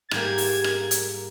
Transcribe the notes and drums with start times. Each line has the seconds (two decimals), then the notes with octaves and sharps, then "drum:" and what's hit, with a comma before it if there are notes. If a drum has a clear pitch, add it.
0.11 G#2 G3 A#3 G#6, drum: rim click
0.38 drum: open hi-hat
0.64 drum: rim click
0.91 drum: hi-hat